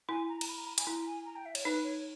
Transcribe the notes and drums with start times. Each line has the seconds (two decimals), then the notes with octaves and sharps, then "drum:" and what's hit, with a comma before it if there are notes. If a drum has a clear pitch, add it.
0.09 E4 G#5
0.29 A#5
0.41 A#5, drum: cymbal
0.48 B5
0.58 A#5
0.67 B5
0.78 G#5, drum: hi-hat
0.87 E4 A#5
1.06 G#5
1.26 A#5
1.36 G5
1.46 E5
1.55 C#5, drum: cymbal
1.65 D#4 B4
1.84 C#5